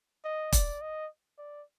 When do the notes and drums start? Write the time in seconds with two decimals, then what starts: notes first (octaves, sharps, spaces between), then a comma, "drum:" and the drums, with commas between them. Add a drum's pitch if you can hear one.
0.24 D#5
0.52 D5, drum: kick E1, hi-hat
0.81 D#5
1.38 D5